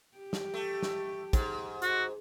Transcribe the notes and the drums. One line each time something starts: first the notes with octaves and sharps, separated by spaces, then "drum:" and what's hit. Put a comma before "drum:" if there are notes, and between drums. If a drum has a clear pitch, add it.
G4
drum: snare
A3
drum: snare
G#2, drum: kick, hi-hat
F#4, drum: hi-hat